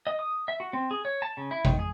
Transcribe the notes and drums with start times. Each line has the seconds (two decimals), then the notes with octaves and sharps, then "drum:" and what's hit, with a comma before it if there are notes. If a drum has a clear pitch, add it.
0.07 D#5
0.19 D#6
0.48 E5
0.60 F#4
0.73 C4
0.91 G#4
1.05 C#5
1.22 A5
1.37 C#3
1.51 E4
1.65 D#3, drum: kick G#1
1.79 G#4